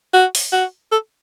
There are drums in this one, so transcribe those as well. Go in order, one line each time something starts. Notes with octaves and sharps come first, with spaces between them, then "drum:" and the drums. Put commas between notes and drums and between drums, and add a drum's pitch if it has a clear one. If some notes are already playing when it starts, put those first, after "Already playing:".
F#4
drum: open hi-hat
F#4
A4